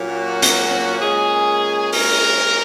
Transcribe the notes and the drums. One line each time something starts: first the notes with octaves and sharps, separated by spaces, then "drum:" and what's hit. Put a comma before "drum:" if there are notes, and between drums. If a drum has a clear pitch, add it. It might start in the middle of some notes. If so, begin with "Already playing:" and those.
Already playing: A#2 F#3 A#3 C#4
F#4
drum: hi-hat
A#2 G#3 C#4 G#4
A#4, drum: open hi-hat